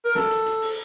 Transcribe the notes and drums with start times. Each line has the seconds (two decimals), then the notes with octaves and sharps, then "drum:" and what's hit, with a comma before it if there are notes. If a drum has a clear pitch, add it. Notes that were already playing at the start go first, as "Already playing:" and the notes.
0.05 A#4
0.15 A4, drum: snare
0.31 drum: hi-hat
0.46 drum: hi-hat
0.62 drum: open hi-hat